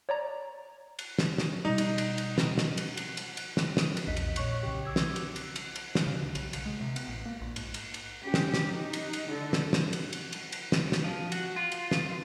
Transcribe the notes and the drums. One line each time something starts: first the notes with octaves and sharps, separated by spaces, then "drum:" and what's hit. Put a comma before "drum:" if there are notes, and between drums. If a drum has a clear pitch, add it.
C#5 D5 A#5
drum: cymbal
drum: snare
drum: snare
B2 G3 D#4
drum: cymbal
drum: cymbal
drum: cymbal
drum: snare
drum: snare
drum: cymbal
drum: cymbal
drum: cymbal
drum: cymbal
drum: snare
drum: snare
drum: cymbal
A#1 E2 D#5 B6
drum: cymbal
A#2 C#5 C#6 F#6, drum: cymbal
B1 C#3 G4
D6 E6 G#6
drum: snare
drum: cymbal
drum: cymbal
drum: cymbal
drum: cymbal
drum: snare
C#3
D2
B1, drum: cymbal
C#3, drum: cymbal
G#3
C3
B3, drum: cymbal
A1
A#3
A#1
G#2, drum: cymbal
drum: cymbal
drum: cymbal
C#4 G4
drum: snare
drum: snare
D#4
drum: cymbal
drum: cymbal
D3 A4
drum: snare
drum: snare
drum: cymbal
drum: cymbal
drum: cymbal
drum: cymbal
drum: snare
drum: snare
F3
F#4, drum: cymbal
F4
drum: cymbal
drum: snare